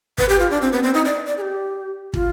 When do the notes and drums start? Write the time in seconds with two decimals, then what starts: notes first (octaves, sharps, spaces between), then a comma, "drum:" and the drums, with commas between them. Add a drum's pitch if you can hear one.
0.18 B4, drum: kick
0.29 G4
0.40 F4
0.51 D4
0.62 C4
0.72 B3
0.83 C4
0.94 D#4
1.05 D5
1.27 D5
1.37 G#4
1.42 G4
2.14 F4, drum: kick